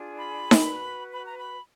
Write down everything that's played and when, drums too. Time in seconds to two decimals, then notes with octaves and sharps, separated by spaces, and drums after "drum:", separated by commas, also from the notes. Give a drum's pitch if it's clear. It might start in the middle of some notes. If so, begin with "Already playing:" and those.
Already playing: D4 F4 G#4
0.17 B5
0.51 drum: snare D#4
0.65 F#4 B4
1.12 B5
1.26 A#5
1.39 B5